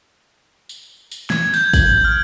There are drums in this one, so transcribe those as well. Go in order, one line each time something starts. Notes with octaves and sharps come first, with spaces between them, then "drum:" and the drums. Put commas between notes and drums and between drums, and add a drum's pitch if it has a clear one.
drum: tambourine
drum: tambourine
G#6, drum: snare
G6, drum: tambourine
F#7, drum: kick, tambourine
F6